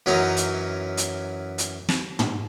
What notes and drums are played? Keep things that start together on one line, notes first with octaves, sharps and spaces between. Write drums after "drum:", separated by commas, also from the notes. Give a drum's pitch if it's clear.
F#2 E3 F#3 C#4 D#4 A#5
drum: hi-hat
drum: hi-hat
drum: hi-hat
drum: snare
drum: tom